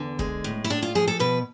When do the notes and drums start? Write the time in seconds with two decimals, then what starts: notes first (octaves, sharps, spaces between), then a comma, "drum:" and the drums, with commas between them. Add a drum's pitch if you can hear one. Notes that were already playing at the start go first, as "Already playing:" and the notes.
Already playing: E2 D3
0.19 G#3, drum: kick
0.44 A2
0.64 E4
0.70 A2 D4
0.82 F4
0.95 F3 G#4
1.08 A4
1.20 B2 B4